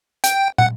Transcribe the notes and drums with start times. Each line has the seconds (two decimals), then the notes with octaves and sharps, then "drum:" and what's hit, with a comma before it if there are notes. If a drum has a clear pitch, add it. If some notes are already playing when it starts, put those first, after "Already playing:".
0.24 G5, drum: hi-hat
0.58 F#5, drum: tom